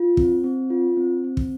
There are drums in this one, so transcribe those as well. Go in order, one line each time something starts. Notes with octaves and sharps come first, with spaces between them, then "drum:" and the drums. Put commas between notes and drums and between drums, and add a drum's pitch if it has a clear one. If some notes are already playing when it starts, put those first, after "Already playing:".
Already playing: F4
C4, drum: kick
C4
F4
C4
C4
drum: kick